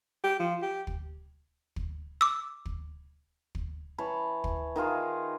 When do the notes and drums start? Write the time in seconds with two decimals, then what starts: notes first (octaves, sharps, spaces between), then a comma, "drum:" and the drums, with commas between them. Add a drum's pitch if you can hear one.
0.24 G4
0.39 F3
0.62 G4
0.87 drum: kick
1.76 drum: kick
2.21 D6 E6
2.65 drum: kick
3.55 drum: kick
3.98 E3 C#5 A5 B5
4.44 drum: kick
4.76 D#3 D#4 F4 G#4